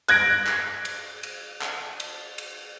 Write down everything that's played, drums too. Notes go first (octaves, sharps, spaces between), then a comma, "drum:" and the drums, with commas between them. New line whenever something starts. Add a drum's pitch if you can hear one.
F#6 G#6 A#6 D7, drum: cymbal
drum: clap
drum: cymbal
drum: cymbal
drum: clap
drum: cymbal
drum: cymbal